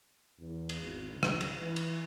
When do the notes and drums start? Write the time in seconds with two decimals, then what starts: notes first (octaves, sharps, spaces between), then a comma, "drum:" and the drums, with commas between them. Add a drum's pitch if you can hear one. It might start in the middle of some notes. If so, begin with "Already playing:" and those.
0.40 E2
0.69 drum: cymbal
0.81 G#1
1.12 C#2
1.23 drum: rim click
1.41 drum: cymbal
1.58 E3
1.76 drum: cymbal